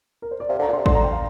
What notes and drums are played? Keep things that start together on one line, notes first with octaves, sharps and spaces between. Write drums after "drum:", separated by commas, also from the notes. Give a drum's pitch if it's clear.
A#4
C5
D5
C3 F5
D3
A#5
A#2
D3 C6
C3
D3 C6, drum: kick A1
A#5
G5
F5